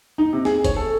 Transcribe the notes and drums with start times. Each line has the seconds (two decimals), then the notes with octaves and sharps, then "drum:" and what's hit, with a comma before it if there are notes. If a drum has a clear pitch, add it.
0.18 D#4
0.33 C3
0.45 G#4, drum: snare
0.65 C#5, drum: kick F#1, hi-hat
0.76 A4